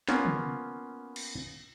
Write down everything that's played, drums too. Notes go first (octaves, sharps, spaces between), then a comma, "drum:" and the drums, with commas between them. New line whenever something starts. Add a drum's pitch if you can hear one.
A#3 B3 C#4 F4, drum: snare
drum: tom
drum: cymbal